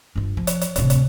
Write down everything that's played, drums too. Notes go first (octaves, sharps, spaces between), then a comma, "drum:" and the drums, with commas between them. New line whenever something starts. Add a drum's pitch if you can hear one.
G2 F4
F3
drum: hi-hat
drum: hi-hat
D1 C3, drum: hi-hat
drum: hi-hat